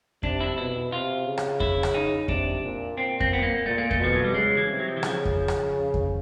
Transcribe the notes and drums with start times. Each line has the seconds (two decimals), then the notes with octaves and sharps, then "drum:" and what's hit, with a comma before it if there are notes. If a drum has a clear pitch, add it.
0.23 C3 D4, drum: kick F2
0.40 E4
0.57 B2 E4
0.92 C3 F4
1.26 C#3
1.38 drum: rim click
1.60 E4, drum: kick F2
1.83 drum: rim click
1.94 D#4
2.28 C3 D4, drum: kick F2
2.62 A#2
2.98 A#2 C4
3.20 C4, drum: kick F2
3.33 B3
3.43 A#3
3.66 A#2 A3
3.78 A#3
3.91 A3, drum: kick F2
4.00 B2 F3
4.14 F#3
4.24 G3
4.34 C#3 G#3
4.57 E3
4.68 C3
4.80 F#3
4.88 F3
4.97 E3
5.03 C#3 F3, drum: rim click
5.25 drum: kick F2
5.48 drum: rim click
5.94 drum: kick F2